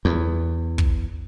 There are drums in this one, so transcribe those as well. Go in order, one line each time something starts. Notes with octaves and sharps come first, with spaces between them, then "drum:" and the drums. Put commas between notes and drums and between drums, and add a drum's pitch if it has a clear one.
E2
drum: kick